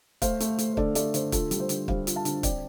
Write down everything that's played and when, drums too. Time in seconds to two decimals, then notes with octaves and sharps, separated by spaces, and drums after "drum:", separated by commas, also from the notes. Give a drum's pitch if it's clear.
0.22 A3 C5 F5, drum: kick, hi-hat
0.40 A3, drum: hi-hat
0.59 A3, drum: hi-hat
0.73 C5
0.77 D3 A4 D5, drum: kick
0.95 A3 A4 D5, drum: hi-hat
1.14 D3 C5, drum: hi-hat
1.32 F4 A4, drum: kick, hi-hat
1.51 G3, drum: hi-hat
1.60 C5
1.69 D3, drum: hi-hat
1.88 G3 C5 F5, drum: kick
2.07 F4, drum: hi-hat
2.16 F5 A5
2.25 D3, drum: hi-hat
2.43 C4 D5 G5, drum: kick, hi-hat